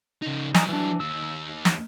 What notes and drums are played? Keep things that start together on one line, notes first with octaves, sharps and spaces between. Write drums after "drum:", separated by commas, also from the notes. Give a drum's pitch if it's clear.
C#3 D#4
F#3 G3 D#4 G#5, drum: snare
E3 D4
D#2 E6
drum: snare